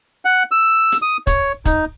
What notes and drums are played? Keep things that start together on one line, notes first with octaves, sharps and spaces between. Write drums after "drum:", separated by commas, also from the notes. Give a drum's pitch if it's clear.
F#5
E6
drum: hi-hat
D#6
C#5, drum: kick, hi-hat
D#4, drum: kick, hi-hat